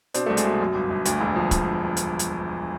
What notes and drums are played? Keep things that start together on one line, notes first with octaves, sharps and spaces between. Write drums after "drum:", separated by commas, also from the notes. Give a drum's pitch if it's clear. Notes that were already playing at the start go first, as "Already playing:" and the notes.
B2 C4 D4, drum: hi-hat
A3
C2
G#3, drum: hi-hat
B2
F#2
G1
G1
D2, drum: hi-hat
E1
F3
drum: kick, hi-hat
drum: hi-hat
drum: hi-hat